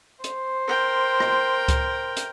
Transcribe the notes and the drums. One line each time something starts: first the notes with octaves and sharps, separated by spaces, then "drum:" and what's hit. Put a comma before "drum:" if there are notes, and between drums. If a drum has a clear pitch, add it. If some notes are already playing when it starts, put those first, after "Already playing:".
C5, drum: hi-hat
A#4 G5
drum: rim click
drum: kick C#2, hi-hat
drum: hi-hat